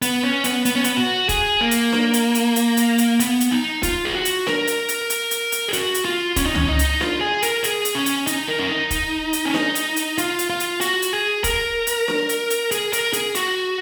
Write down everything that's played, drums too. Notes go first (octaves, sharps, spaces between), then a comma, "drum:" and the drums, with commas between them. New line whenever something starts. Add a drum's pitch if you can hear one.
B3, drum: hi-hat
C#4
B3, drum: hi-hat
B3, drum: hi-hat
C#4
B3, drum: hi-hat
F#4
G#4, drum: kick E1, hi-hat
A#3
drum: hi-hat
drum: snare D4
drum: hi-hat
drum: hi-hat
drum: hi-hat
drum: hi-hat
drum: hi-hat
B3, drum: hi-hat
drum: hi-hat
D#4
F4, drum: kick E1, hi-hat
G#4
F#4
drum: hi-hat
A#4, drum: snare D4
drum: hi-hat
drum: hi-hat
drum: hi-hat
drum: hi-hat
drum: hi-hat
G#4
F#4, drum: hi-hat
drum: hi-hat
F4
C#4, drum: kick E1, hi-hat
D#4
C#4, drum: tom C#2
D#4
drum: hi-hat
F4, drum: snare D4
G#4
A#4, drum: hi-hat
G#4, drum: hi-hat
drum: hi-hat
C#4
drum: hi-hat
D#4, drum: hi-hat
A#4
C#4
D#4
drum: kick E1, hi-hat
drum: hi-hat
C#4
D#4, drum: snare D4
drum: hi-hat
drum: hi-hat
F4, drum: hi-hat
drum: hi-hat
F4
drum: hi-hat
F#4, drum: hi-hat
drum: hi-hat
G#4
A#4, drum: kick E1, hi-hat
drum: hi-hat
drum: snare D4
drum: hi-hat
drum: hi-hat
G#4, drum: hi-hat
A#4, drum: hi-hat
G#4, drum: hi-hat
F#4, drum: hi-hat